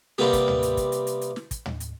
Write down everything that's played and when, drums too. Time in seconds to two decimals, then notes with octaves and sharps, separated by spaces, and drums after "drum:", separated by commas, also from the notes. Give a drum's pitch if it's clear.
0.18 C3 G3 A#3 B3 G4, drum: snare
0.33 drum: kick, hi-hat
0.48 drum: tom
0.63 drum: hi-hat
0.77 drum: kick, hi-hat
0.92 drum: hi-hat
1.07 drum: hi-hat
1.21 drum: hi-hat
1.36 drum: snare
1.51 drum: kick, hi-hat
1.66 drum: tom
1.80 drum: hi-hat